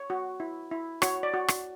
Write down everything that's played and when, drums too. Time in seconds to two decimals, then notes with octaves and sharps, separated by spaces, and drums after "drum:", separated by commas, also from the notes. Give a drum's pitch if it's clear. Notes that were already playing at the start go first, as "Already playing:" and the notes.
Already playing: C#5
0.10 F#4
0.40 E4
0.71 E4
1.02 F#4 C#5, drum: rim click
1.23 D5
1.34 F#4
1.48 drum: rim click